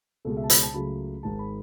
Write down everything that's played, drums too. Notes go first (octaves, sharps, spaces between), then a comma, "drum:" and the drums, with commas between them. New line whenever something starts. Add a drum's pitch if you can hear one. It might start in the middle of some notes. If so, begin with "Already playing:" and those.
C#2 B2 G#3 A4
E5
A5
B5, drum: hi-hat
A5
C#2 C#3 F#3 A3 B5
G#1 G#2 G#3 A5
B5